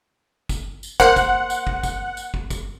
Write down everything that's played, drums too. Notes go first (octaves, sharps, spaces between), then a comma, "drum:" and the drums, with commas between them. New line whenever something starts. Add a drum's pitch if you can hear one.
drum: kick, tambourine
drum: tambourine
A#3 C5 F#5, drum: kick
drum: kick, tambourine
drum: tambourine
drum: kick
drum: kick, tambourine
drum: tambourine
drum: kick
drum: kick, tambourine